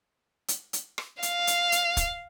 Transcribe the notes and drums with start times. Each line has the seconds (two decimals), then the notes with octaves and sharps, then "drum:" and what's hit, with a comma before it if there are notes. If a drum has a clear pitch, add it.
0.48 drum: hi-hat
0.73 drum: hi-hat
0.98 drum: rim click
1.23 F5, drum: hi-hat
1.47 drum: hi-hat
1.72 drum: hi-hat
1.97 drum: kick, hi-hat